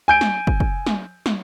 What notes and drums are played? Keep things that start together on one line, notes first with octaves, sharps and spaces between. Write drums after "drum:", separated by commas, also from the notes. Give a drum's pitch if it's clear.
G#5 G6 D7
drum: snare
drum: kick
drum: kick
drum: snare
drum: snare